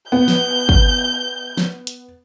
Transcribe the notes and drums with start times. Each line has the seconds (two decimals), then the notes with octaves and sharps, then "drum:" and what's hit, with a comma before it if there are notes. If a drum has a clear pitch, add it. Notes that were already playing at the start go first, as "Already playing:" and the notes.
0.12 B3 G6
0.28 drum: snare
0.69 drum: kick
1.57 drum: snare
1.87 drum: hi-hat